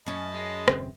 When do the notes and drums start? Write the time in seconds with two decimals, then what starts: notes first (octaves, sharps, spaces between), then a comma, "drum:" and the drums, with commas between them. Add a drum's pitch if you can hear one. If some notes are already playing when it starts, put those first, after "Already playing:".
0.06 F#2 C#4 D#5 A5 B5
0.34 G#3
0.68 D#1 C#3 C4, drum: rim click